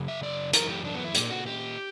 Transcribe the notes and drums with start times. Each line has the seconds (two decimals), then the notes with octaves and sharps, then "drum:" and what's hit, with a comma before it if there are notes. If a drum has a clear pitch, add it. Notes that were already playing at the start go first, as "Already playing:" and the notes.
Already playing: F#2 C#3
0.08 E5
0.23 D5
0.53 F#2 E3 A#4, drum: hi-hat
0.69 G4
0.85 D4
0.94 B3
1.04 E4
1.15 A#2, drum: hi-hat
1.30 F#4
1.46 G4